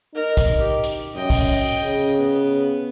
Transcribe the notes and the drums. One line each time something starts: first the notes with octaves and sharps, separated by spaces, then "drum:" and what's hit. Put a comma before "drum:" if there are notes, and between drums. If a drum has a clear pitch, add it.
D#4 A#4
drum: kick, hi-hat
G4
drum: hi-hat
F#2 D#5 G5
drum: kick, open hi-hat
C#3
B3